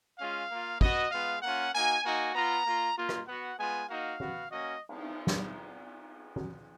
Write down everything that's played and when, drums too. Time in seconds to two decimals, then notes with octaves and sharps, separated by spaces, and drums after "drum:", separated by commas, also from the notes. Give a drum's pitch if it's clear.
0.19 G#3 C#4 F4 F5
0.50 A#3 F4
0.81 B3 F#4 D#5, drum: kick
1.12 G#3 B3 F4 F5
1.43 A#3 C#4 F4 F#5
1.73 A#3 D#4 F#4 G#5
2.04 A#3 D#4 F#4 G#5
2.34 B3 F4 A#5
2.65 A#3 F4
2.97 A#3 F4
3.09 drum: rim click
3.27 B3 F#4 F#5
3.58 G#3 B3 F4 G#5
3.89 A#3 D#4 F#4 F5
4.20 B3 F#4, drum: tom
4.50 A#3 C#4 F#4 D#5
4.89 drum: cymbal
5.27 drum: snare
6.36 drum: tom